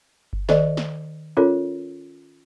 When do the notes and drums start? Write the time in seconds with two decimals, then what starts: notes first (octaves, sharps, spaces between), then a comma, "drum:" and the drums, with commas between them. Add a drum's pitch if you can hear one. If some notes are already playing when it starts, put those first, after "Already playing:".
0.33 drum: kick F#1
0.49 D#3 A4 D5 D#5, drum: snare
0.77 drum: snare
1.37 C#4 F4 A4 A#4 C#5